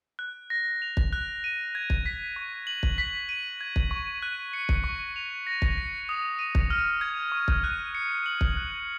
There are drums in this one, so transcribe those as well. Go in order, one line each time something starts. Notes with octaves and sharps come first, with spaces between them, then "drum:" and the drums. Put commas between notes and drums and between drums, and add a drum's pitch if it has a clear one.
F#6
A#6
F7
drum: kick
F#6
D#7
G#6
drum: kick
B6
C#6
F#7
drum: kick
B6
D#7
G#6
drum: kick
C#6
F#6
C#7
drum: kick
C#6
F7
A#6
drum: kick
C#7
D#6
D#7
drum: kick
F6
G#6
C#6
drum: kick
F#6
C#7
F#7
drum: kick
F#6